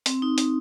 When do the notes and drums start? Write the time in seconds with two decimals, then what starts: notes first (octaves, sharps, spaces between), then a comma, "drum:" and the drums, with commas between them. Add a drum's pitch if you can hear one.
0.06 C4, drum: hi-hat
0.22 D#4
0.38 drum: hi-hat